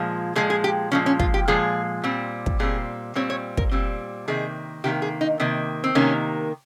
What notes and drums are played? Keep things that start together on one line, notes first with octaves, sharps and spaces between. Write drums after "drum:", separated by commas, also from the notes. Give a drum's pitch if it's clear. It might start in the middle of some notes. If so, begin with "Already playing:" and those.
Already playing: A#2 F3 G#3
A#2 F3 G#3 G#4
G#4
G4
A#2 F3 G#3 C#4
C#4
F4, drum: kick
G4
A#2 F3 G#3 G#4
A#2 G3 C4
drum: kick
A#2 G3 C4 G#4
A#2 G3 C4 C#5
C#5
A#4, drum: kick
A#2 G3 C4
C3 D#3 A#3 G#4
C3 D#3 A#3 G4
G#4
D#4
C3 D#3 A#3
C4
C3 D#3 A#3 C#4